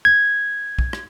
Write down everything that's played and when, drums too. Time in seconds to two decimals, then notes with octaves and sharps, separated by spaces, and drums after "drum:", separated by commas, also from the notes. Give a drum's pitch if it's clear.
0.05 G#6
0.79 drum: kick
0.93 drum: rim click